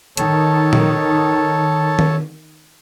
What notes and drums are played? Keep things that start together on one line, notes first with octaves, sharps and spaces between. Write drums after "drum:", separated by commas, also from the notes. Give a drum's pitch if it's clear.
D#3 A4 C#5 A5, drum: hi-hat
drum: tom A#2
drum: tom D#3